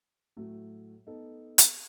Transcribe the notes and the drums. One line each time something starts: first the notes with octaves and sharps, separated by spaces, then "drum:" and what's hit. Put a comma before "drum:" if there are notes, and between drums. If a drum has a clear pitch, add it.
A2 F#3 A3
B3 D#4 A4
drum: hi-hat